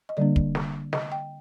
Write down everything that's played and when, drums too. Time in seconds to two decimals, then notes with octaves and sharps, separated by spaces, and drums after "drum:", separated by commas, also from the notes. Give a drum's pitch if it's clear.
0.09 D#5
0.17 D3 G3 A#3 D4 D5
0.36 drum: kick
0.55 drum: snare
0.93 D#5, drum: snare
1.12 G5